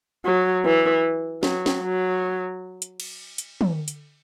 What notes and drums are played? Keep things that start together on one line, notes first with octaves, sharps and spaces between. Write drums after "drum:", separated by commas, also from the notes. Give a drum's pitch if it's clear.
F#3
E3
F#3, drum: snare
drum: snare
F#3
drum: hi-hat
drum: cymbal
drum: hi-hat
drum: tom
drum: hi-hat